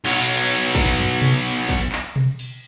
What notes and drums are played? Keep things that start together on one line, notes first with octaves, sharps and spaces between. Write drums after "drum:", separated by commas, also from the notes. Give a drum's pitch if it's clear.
B1 F#3, drum: cymbal
drum: cymbal
drum: cymbal
drum: kick, cymbal
drum: tom F#2
drum: tom B2
drum: cymbal
drum: kick, cymbal
drum: clap
drum: tom B2
drum: cymbal